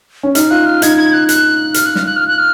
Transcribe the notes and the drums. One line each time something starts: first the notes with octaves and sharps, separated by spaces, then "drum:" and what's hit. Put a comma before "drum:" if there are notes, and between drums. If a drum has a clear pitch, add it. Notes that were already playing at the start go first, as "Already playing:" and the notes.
C#4
D#4 F6, drum: hi-hat
F4 F#6
F6
D#4 G#6, drum: hi-hat
G#6
F#6
F#6, drum: hi-hat
F6, drum: hi-hat
F#6
F6, drum: snare
F#6
F6
F#6
F6